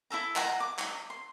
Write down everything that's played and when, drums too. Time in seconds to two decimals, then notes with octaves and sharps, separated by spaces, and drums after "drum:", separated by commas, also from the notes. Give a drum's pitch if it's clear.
0.10 E4 G#4 A4 A#5
0.36 F#5 A#5, drum: clap
0.60 D6
0.78 drum: clap
1.10 C6